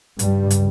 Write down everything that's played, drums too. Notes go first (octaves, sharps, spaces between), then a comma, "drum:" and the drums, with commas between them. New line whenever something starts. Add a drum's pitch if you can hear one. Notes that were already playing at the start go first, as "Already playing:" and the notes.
C#2 G2 C#3 G3, drum: hi-hat
drum: hi-hat